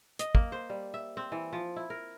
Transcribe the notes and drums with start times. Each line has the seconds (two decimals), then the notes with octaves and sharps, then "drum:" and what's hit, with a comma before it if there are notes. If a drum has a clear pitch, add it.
0.19 D#5, drum: hi-hat
0.35 A#3, drum: kick
0.52 C5
0.70 G3
0.94 E5
1.17 C4
1.32 E3
1.53 F3
1.76 E4
1.90 A#4